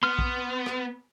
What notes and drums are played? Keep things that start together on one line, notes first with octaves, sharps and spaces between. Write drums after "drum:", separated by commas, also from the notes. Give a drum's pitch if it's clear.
B3 C6 F6
drum: kick A#1
drum: rim click